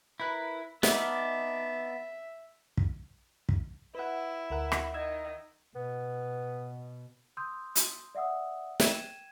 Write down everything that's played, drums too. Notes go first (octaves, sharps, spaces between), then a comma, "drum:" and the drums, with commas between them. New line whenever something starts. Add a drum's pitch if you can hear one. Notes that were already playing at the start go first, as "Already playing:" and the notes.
E4 A#4 B4 F#6
B3 D#4 D5 E5 A5 F6, drum: snare
drum: kick
drum: kick
E4 B4 F#5
D2 A#4 F#5
drum: rim click
D#3 E6 G#6
B2 B3
C6 D#6 E6 G6
drum: hi-hat
D5 E5 F#5 D#6 E6
G5 G#6 D#7 E7, drum: snare